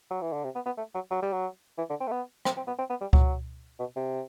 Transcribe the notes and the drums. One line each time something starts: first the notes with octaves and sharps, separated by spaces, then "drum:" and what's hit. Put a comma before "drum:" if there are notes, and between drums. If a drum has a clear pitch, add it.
F#3
E3
D3
C3
B3
B3
A3
F#3
F#3
G3
F#3
E3
D3
C4
A3
B3
C4, drum: rim click
C4
B3
C4
B3
G3
F#3, drum: kick C#2
B2
C3